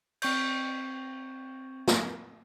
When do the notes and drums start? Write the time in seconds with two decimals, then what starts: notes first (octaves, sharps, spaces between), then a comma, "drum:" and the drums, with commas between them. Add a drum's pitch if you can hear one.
0.22 C4 C#6 G6, drum: cymbal
1.88 drum: snare